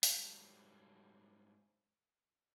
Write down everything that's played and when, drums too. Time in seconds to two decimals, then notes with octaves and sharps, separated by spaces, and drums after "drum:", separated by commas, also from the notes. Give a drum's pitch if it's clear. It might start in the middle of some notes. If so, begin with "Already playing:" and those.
0.03 G#2 F#3 G3 A4, drum: open hi-hat